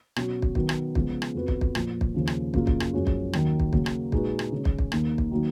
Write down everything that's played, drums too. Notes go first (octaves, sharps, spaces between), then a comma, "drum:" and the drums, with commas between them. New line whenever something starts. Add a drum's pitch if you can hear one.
B2 F#3 C#4 F#4, drum: rim click
drum: kick
D#3 F#3 B3, drum: kick
drum: rim click
C#3 F3 G#3 B3 F4, drum: kick
drum: rim click
F2 F3 B3 F#4 B4
drum: kick
drum: kick
A#2 F3 A#3, drum: rim click
drum: kick
D#2 C#3 F3
drum: rim click
F#2 C#3 F#3 A#3 F4, drum: kick
drum: kick
drum: rim click
F#2 F3 G#3 C#4 F#4
drum: kick
D#2 D#3 F#3, drum: rim click
drum: kick
C#3 F#3 A#3, drum: kick
drum: rim click
A#2 G#3 D#4 F#4 B4, drum: kick
drum: rim click
C#3 G#3 C#4
drum: kick
drum: kick
D#2 D#3 A#3 D#4, drum: rim click
drum: kick
D#3 F#3 A#3 D#4